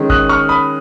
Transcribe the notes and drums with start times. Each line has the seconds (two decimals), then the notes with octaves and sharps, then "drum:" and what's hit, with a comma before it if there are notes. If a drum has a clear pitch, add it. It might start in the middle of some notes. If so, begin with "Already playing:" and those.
Already playing: D#3 G#3 C#4
0.10 D#6 F#6, drum: kick G1
0.29 C#6 F6
0.49 B5 D#6